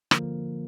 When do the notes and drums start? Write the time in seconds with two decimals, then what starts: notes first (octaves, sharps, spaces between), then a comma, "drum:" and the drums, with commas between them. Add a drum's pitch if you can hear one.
0.11 D3 F3 A#3 F4 A#4, drum: rim click